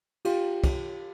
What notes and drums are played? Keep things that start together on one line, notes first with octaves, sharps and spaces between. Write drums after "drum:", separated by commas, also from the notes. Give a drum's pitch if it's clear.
F4 G4, drum: cymbal
drum: kick, cymbal